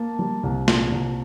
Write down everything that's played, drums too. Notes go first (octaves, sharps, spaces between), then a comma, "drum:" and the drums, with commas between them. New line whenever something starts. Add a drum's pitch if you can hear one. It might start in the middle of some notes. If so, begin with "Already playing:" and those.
Already playing: A#3 A5
G3
C2
A#2, drum: snare
C2